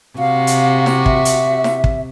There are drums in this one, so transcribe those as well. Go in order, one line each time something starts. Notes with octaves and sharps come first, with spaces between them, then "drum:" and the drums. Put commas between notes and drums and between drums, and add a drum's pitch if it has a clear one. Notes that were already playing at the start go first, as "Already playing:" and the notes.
C3 F#4 F5
drum: hi-hat
drum: snare E4
E5, drum: kick
drum: hi-hat
drum: snare E4
drum: kick